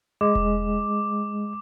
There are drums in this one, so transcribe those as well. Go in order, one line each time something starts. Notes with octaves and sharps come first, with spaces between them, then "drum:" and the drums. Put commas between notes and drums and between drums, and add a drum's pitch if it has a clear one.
G#3 D6
drum: kick E1